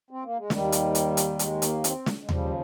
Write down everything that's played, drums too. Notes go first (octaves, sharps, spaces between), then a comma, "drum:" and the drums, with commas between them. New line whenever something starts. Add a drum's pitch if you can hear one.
C4
A#3
G#3
D#2 D#3 G3, drum: snare
drum: hi-hat
drum: hi-hat
drum: hi-hat
G#3, drum: hi-hat
A#3, drum: hi-hat
C4, drum: hi-hat
drum: snare
G#3
D#2 C#3 F3 G3, drum: tom D#2